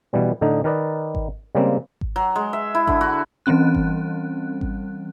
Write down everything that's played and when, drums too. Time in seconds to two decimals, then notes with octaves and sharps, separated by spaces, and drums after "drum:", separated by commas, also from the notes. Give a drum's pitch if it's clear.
0.13 B2 E3 G3 B3
0.41 A2 D3 D4 D#4 D#5
0.64 D#3 A#4 B4 D5 D#5
1.15 drum: kick G#1
1.55 C#3 G3 G#3 A#3 C4
2.01 drum: kick G#1
2.16 F#3
2.36 G#3
2.53 E5
2.75 E4
2.87 D3, drum: kick G#1
3.01 F#4
3.46 E3 G3 C4 C#4 F#6
3.75 drum: kick G#1
4.61 drum: kick G#1